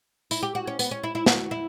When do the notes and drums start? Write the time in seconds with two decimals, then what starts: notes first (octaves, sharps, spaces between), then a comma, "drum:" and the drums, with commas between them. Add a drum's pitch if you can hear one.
0.31 E4, drum: tambourine
0.43 G4
0.55 F#4
0.67 C#4
0.79 B3, drum: tambourine
0.91 C#4
1.04 E4
1.15 E4
1.26 F#4, drum: snare
1.51 E4